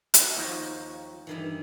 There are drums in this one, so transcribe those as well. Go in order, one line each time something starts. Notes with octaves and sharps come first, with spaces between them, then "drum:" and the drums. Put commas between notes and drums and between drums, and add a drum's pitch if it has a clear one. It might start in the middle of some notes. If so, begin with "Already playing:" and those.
F#4, drum: hi-hat
D#2 F3 D#4
G2 D#3 E3